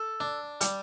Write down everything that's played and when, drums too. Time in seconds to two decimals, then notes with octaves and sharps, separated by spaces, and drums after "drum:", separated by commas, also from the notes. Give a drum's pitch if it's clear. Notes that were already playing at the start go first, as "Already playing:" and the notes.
Already playing: A4
0.20 D4
0.61 G3, drum: hi-hat